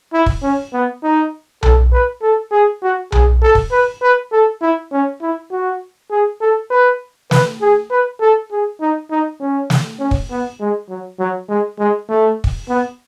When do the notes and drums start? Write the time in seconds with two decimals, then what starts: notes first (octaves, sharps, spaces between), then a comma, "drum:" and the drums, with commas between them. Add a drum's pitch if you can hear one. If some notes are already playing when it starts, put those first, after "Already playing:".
0.13 E4
0.26 drum: kick
0.43 C#4
0.73 B3
1.03 D#4
1.63 A4, drum: tom B1
1.93 B4
2.22 A4
2.52 G#4
2.83 F#4
3.12 G#4, drum: tom B1
3.42 A4
3.55 drum: kick
3.71 B4
4.02 B4
4.32 A4
4.62 E4
4.92 C#4
5.21 E4
5.51 F#4
6.11 G#4
6.41 A4
6.70 B4
7.31 B4, drum: snare
7.61 G#4
7.91 B4
8.20 A4
8.51 G#4
8.80 D#4
9.11 D#4
9.40 C#4
9.70 drum: snare
10.00 C#4
10.11 drum: kick
10.31 B3
10.60 G#3
10.89 F#3
11.19 F#3
11.49 G#3
11.79 G#3
12.09 A3
12.44 drum: kick
12.69 B3